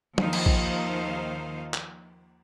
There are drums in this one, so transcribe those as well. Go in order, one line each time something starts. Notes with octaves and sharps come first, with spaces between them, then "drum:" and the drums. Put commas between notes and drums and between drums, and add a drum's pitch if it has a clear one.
D#2 D#3 F3 D#4 C5 F5, drum: tom
drum: cymbal
drum: kick A1
drum: clap